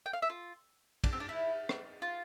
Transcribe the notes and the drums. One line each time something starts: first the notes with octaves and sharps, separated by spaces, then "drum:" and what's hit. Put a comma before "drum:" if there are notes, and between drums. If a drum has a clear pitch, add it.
G5
F5
E5
F4
D4, drum: kick, cymbal
C4
D4
E4
drum: rim click
F4